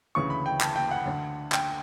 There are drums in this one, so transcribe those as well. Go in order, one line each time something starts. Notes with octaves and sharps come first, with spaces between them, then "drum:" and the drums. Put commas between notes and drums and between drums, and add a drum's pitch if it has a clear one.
D2 C#3 E3 C#6
B5
G5
A5, drum: clap
G5
F#5
D2 D3
G5, drum: clap